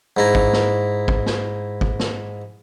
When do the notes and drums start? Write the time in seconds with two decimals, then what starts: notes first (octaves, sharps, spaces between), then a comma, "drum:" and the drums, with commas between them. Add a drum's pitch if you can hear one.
0.17 G#2 E4 A#5
0.35 drum: kick
0.53 drum: snare
1.08 drum: kick
1.26 drum: snare
1.81 drum: kick
2.00 drum: snare